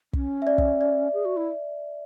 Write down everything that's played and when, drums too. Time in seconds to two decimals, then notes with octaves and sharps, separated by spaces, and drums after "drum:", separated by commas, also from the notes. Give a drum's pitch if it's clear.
0.13 C#4, drum: kick
0.42 E5
0.47 D5
0.58 drum: kick
0.81 D5
1.13 G#4
1.25 F#4
1.37 E4